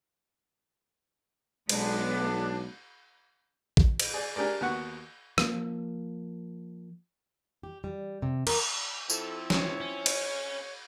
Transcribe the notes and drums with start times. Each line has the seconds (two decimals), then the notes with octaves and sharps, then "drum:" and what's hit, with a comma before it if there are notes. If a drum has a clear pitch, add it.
1.69 B1 G#3 B3 D4, drum: cymbal
3.77 drum: kick A#1
4.00 drum: cymbal
4.14 G#4 D5
4.36 D4 G4 G#4 A#4 D5
4.61 D#2 B3 F#4 F#5 C#6
5.38 F3 A#3, drum: rim click
7.63 G4
7.84 G3
8.22 C3
8.47 A#4, drum: cymbal
9.10 F3 C4 E4 A4, drum: tambourine
9.50 C#5, drum: snare
9.80 C#4
10.06 drum: cymbal